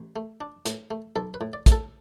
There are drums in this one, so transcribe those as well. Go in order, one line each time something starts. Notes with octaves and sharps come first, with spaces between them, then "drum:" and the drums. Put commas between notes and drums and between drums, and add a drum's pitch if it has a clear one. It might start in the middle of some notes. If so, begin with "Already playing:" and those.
Already playing: A1
A3
D4
A2, drum: hi-hat
A3
B1 A4
B4
A2
D5
A2, drum: kick, hi-hat
A4